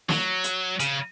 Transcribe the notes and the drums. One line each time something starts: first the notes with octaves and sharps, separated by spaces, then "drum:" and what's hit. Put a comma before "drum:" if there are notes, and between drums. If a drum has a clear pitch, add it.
F#3, drum: snare
drum: hi-hat
C#3, drum: hi-hat